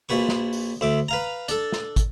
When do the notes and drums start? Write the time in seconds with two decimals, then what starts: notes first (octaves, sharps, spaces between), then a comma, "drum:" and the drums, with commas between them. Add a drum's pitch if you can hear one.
0.09 A#1 A#2 F#4 B4 C#6
0.29 drum: snare
0.53 drum: open hi-hat
0.81 D2 E5 D6
1.09 B4 F5 A#5
1.48 D4 A4, drum: hi-hat
1.72 drum: snare
1.96 drum: kick, hi-hat